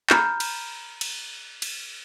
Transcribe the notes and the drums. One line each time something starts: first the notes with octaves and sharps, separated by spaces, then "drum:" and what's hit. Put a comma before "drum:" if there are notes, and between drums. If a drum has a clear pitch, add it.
A#5 B5 F6 G6, drum: clap
drum: cymbal
drum: cymbal
drum: cymbal